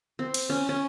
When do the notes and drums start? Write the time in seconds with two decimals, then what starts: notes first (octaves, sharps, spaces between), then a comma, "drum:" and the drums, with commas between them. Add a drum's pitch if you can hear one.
0.19 C4
0.34 drum: cymbal
0.50 C#4
0.69 C#4